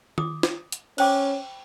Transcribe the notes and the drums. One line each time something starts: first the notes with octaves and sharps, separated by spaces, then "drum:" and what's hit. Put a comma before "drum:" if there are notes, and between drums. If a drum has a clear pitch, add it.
D6 D#6, drum: tom D#3
drum: snare
drum: hi-hat
C#4 C5 G5 D6, drum: cymbal